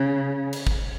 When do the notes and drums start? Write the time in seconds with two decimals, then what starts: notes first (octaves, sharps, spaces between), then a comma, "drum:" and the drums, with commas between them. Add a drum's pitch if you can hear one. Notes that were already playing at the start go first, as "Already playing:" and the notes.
Already playing: C#3
0.53 drum: cymbal
0.67 drum: kick